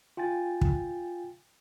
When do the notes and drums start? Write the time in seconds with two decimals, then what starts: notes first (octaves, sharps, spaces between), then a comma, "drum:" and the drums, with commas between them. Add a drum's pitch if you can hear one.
0.17 F4 G5 G#5 A6
0.61 drum: kick